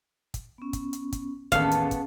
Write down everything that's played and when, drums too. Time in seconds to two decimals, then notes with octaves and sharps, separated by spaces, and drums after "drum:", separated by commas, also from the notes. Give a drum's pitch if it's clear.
0.34 drum: kick, hi-hat
0.58 B3 C#4
0.73 drum: kick, hi-hat
0.93 drum: hi-hat
1.12 drum: kick, hi-hat
1.52 A1 D#2 B3 C#4 G#4 A4 F5, drum: kick, hi-hat
1.71 drum: hi-hat
1.91 drum: kick, hi-hat